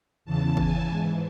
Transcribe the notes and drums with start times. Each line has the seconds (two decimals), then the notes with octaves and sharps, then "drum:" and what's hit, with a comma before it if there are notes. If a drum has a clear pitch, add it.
0.25 E2 C#3 E3 A5
0.57 G#5, drum: kick
0.88 G#2 E3